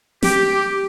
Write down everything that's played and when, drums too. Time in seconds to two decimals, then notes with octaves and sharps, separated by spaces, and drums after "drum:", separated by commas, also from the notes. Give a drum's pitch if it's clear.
0.23 G4, drum: snare